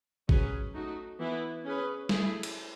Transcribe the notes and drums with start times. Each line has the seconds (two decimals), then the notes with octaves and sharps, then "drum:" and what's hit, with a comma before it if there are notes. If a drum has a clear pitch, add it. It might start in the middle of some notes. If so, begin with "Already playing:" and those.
0.29 F#3 C#4 G#4 B4, drum: kick A1
0.74 A3 D#4 F#4
1.19 E3 B3 E4 B4
1.64 C#4 G#4 B4
2.09 A3 E4 G#4, drum: snare
2.43 drum: cymbal